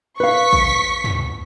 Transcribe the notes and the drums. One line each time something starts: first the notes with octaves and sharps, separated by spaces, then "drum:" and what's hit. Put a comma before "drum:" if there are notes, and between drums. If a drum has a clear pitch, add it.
B4 F5 C#6 B6
drum: kick A1
drum: tom